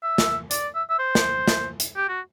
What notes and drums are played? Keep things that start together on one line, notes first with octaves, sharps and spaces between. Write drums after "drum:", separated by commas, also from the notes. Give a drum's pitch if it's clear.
E5
drum: snare
D5, drum: hi-hat
E5
E5
C5
drum: snare
drum: snare
drum: hi-hat
G4
F#4